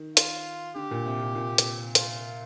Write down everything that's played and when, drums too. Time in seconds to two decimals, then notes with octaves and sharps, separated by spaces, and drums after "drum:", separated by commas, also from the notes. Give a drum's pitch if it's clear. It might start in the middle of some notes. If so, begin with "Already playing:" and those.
Already playing: D#3
0.17 F4, drum: hi-hat
0.75 D3 G4
0.91 A#2
1.06 C3
1.21 A#2
1.35 A#2
1.58 drum: hi-hat
1.95 F4, drum: hi-hat